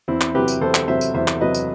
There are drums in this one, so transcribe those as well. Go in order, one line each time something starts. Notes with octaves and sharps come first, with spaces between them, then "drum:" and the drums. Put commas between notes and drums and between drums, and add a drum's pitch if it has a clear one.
E2 C4 E4
drum: clap
C3 F#3 G4 B4
drum: tambourine
E2 A4 C5
drum: clap
C3 F#3 C5 E5
drum: tambourine
E2 C5 E5
drum: clap
C3 F#3 B4 D#5
drum: tambourine